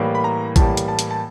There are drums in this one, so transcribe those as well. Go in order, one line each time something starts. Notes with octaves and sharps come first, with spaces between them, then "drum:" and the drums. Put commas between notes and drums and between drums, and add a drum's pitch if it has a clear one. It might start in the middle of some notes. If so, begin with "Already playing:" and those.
Already playing: A2 E3 G3 A#3
B5
A#5
A2 E3 G3 A#3 A5, drum: kick A#1, hi-hat
drum: hi-hat
A5
drum: hi-hat
A5